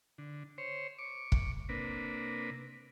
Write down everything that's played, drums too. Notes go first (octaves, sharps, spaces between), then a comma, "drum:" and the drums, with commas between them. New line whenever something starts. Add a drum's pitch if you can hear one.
D3
C5 C#5
C#6 D6
drum: kick
C3 A#3 D4 B4